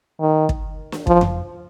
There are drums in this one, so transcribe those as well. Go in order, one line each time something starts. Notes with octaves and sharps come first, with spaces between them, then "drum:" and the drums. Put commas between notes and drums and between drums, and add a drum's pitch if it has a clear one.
D#3
drum: kick
drum: snare
F3, drum: kick
drum: tom F2